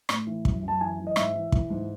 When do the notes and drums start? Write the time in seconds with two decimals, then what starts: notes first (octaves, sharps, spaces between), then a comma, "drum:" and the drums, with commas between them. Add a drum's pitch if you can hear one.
0.09 A2, drum: rim click
0.27 E3
0.45 F#2, drum: kick
0.62 F#2
0.68 A5
0.81 E3 G#5
0.99 E3
1.07 D#5
1.16 G#2 E5, drum: rim click
1.34 E3
1.52 E3, drum: kick
1.70 G#2